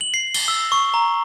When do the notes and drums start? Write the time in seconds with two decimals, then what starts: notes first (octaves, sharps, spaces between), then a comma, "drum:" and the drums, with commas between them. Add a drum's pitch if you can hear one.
0.01 F#7
0.14 C7
0.34 G7, drum: cymbal
0.48 E6
0.72 C#6
0.94 A#5